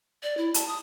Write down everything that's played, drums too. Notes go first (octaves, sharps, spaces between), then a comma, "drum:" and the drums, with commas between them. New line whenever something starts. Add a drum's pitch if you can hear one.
D5
E4
A5, drum: hi-hat
D#6